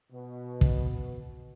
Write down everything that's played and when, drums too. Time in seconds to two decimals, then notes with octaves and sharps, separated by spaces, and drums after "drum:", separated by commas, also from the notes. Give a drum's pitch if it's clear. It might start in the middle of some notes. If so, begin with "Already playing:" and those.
0.12 B2
0.61 drum: kick